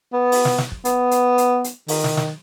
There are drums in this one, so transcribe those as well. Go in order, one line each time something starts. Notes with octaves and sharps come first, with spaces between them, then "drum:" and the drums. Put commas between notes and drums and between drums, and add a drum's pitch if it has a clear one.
B3
drum: open hi-hat
drum: snare
drum: snare
drum: kick
B3, drum: hi-hat
drum: hi-hat
drum: hi-hat
drum: hi-hat
D#3, drum: open hi-hat
drum: snare
drum: snare